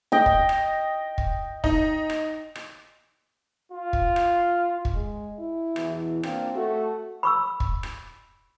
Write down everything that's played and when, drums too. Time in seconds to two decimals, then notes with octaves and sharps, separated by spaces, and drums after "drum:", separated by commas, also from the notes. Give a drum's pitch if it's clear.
0.12 D#5 G5
0.26 drum: kick
0.49 drum: rim click
1.18 drum: kick
1.64 D#4, drum: kick
2.10 drum: rim click
2.55 drum: rim click
3.72 F4
3.93 drum: kick
4.16 drum: rim click
4.85 drum: kick
4.94 G#3
5.39 E4
5.76 E2 B2 E3, drum: rim click
6.23 A#3 C4 D4 F4, drum: rim click
6.55 A3 F#4
7.23 B5 C#6 E6
7.60 drum: kick
7.83 drum: rim click